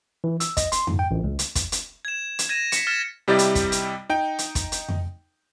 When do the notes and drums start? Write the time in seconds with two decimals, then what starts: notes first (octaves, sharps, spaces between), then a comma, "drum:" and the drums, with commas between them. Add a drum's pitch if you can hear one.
0.24 E3
0.40 E6, drum: hi-hat
0.57 D#5, drum: kick, hi-hat
0.72 C6, drum: hi-hat
0.87 G#2, drum: tom F2
0.99 G5
1.11 A1
1.24 C#2
1.39 drum: hi-hat
1.55 drum: kick, hi-hat
1.72 drum: hi-hat
2.05 G#6 E7
2.39 drum: hi-hat
2.49 G#6 A#6 D#7 E7
2.72 B6 C#7, drum: hi-hat
2.87 F6 A6 E7
3.28 C3 G3 E4 G4 D#5 A6
3.39 drum: hi-hat
3.55 drum: kick, hi-hat
3.72 drum: hi-hat
4.10 D#4 G5
4.39 drum: hi-hat
4.55 drum: kick, hi-hat
4.72 drum: hi-hat
4.88 drum: tom F2